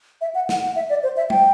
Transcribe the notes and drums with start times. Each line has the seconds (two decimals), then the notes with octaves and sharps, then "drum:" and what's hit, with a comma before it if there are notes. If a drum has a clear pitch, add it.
0.21 E5
0.35 F#5
0.49 F#5, drum: snare
0.63 F#5
0.76 E5
0.90 D5
1.03 C5
1.17 E5
1.30 G5, drum: tom G#3